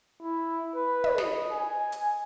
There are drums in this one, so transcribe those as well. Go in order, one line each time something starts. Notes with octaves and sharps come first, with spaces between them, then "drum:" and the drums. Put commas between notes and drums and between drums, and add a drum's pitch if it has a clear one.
E4
B4
drum: tom
D#5, drum: snare
G#5
drum: hi-hat